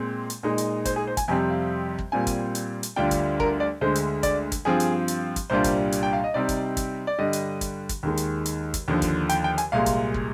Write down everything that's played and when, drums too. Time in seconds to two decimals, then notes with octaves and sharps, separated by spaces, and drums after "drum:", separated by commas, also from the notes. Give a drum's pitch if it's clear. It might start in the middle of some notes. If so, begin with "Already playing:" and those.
Already playing: A#2 G#3 C4
0.30 drum: hi-hat
0.43 A#2 G#3 D#4
0.58 drum: hi-hat
0.85 C5, drum: kick, hi-hat
0.96 G#4
1.07 C5
1.17 G#5, drum: kick, hi-hat
1.28 F2 C3 G3 C4 G#5
1.50 F5
1.99 drum: kick
2.12 A#2 G3 C4 F4 G#5
2.27 drum: kick, hi-hat
2.55 drum: hi-hat
2.83 drum: hi-hat
2.96 D2 D3 G3 D4 F4 G5
3.11 drum: kick, hi-hat
3.40 A#4, drum: kick
3.60 D5
3.81 D2 D3 G#3 C5
3.95 drum: hi-hat
4.23 D5, drum: kick, hi-hat
4.52 drum: kick, hi-hat
4.65 G2 F3 C4 F4 G#4
4.80 drum: hi-hat
5.08 drum: hi-hat
5.36 drum: kick, hi-hat
5.50 C2 A#2 G3 D4 F4 C5
5.64 drum: kick, hi-hat
5.92 drum: hi-hat
6.03 G5
6.13 F5
6.24 D#5
6.34 C3 G3 C4 D#4 D5
6.49 drum: kick, hi-hat
6.77 drum: kick, hi-hat
7.07 D5
7.18 G2 D3 G3 D#5
7.33 drum: hi-hat
7.61 drum: kick, hi-hat
7.89 drum: kick, hi-hat
8.03 D#2 D#3 G#3
8.17 drum: hi-hat
8.46 drum: hi-hat
8.74 drum: kick, hi-hat
8.88 D#2 D3 F3
9.02 drum: kick, hi-hat
9.29 G5, drum: hi-hat
9.44 G5
9.58 G#5, drum: hi-hat
9.72 C2 A#2 G#3 F5
9.86 drum: kick, hi-hat
10.14 drum: kick